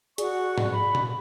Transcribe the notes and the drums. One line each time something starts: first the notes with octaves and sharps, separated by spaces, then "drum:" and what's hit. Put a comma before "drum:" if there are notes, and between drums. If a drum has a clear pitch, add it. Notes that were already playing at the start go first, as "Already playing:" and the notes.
F#4 G#4 D5 C#6, drum: hi-hat
drum: tom G#2
B5
drum: tom A#2